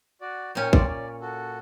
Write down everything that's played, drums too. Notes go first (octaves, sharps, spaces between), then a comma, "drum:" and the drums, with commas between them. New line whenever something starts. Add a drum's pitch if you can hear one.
F#4 D5
A#2 C#4 G5 G6
C4 D5, drum: kick
D5
F#4 A4